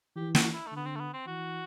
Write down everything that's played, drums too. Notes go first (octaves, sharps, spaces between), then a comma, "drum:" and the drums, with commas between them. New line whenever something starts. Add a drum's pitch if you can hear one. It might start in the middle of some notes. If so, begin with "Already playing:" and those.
E3 G4
F#4, drum: snare
E4
A3
D3 B3
C4
A3
B3
C4
E3 F#4